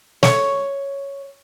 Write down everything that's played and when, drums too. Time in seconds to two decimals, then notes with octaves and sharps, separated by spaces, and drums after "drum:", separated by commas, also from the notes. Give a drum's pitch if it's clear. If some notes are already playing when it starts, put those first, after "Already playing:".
0.23 C#5, drum: snare